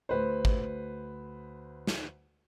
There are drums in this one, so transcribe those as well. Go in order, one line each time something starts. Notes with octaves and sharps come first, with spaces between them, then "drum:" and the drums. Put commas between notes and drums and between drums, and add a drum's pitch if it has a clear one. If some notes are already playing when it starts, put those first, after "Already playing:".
D2 B4 C5
drum: kick G#1
drum: snare